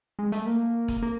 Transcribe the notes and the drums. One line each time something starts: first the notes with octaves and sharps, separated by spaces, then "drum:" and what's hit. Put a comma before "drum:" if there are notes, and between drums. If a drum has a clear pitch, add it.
G#3
A3, drum: hi-hat
A#3
drum: kick E1, hi-hat
A#3